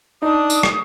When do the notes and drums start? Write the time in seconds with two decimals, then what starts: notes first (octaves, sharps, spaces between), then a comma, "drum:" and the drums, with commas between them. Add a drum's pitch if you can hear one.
0.23 D4 D#4 D#6
0.50 drum: tambourine
0.63 drum: rim click